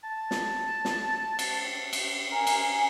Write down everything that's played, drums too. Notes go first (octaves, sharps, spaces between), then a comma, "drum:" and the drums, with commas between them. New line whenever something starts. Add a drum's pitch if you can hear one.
A5
drum: snare
drum: snare
drum: cymbal
drum: cymbal
A#4 G#5
drum: cymbal